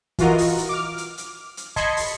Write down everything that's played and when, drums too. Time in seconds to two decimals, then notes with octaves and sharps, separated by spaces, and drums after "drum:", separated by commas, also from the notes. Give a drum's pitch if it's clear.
0.19 E3 F4 F#4 A#4 D#5, drum: kick, hi-hat
0.38 drum: open hi-hat
0.58 drum: hi-hat
0.69 D6 F6
0.98 drum: hi-hat
1.18 drum: hi-hat
1.57 drum: hi-hat
1.76 D#5 A5 B5 C6 G#6 C#7, drum: kick, hi-hat
1.97 drum: open hi-hat